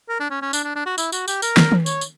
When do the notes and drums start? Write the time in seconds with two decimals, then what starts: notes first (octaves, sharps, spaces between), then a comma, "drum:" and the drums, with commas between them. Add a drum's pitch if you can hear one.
0.09 A#4
0.20 D4
0.30 C#4
0.42 C#4
0.53 D4, drum: tambourine
0.64 D4
0.76 D4
0.86 F#4
0.98 E4, drum: tambourine
1.12 F#4, drum: tambourine
1.28 G4, drum: tambourine
1.42 A#4, drum: tambourine
1.57 drum: snare
1.72 drum: tom D#3
1.86 C#5, drum: tambourine
2.01 drum: tambourine